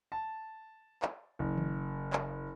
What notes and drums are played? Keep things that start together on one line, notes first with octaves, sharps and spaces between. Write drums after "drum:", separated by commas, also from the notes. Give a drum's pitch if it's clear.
A5
drum: clap
F#1
drum: tom D#3
drum: clap